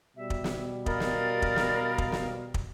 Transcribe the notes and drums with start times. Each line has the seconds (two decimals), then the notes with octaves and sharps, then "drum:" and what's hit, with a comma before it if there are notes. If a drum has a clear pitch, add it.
0.16 B2 G3 E5
0.30 drum: kick
0.44 drum: snare
0.86 A#4 D#5 F5 B5 A6, drum: kick
1.00 drum: snare
1.42 drum: kick
1.56 drum: snare
1.98 drum: kick
2.12 drum: snare
2.54 drum: kick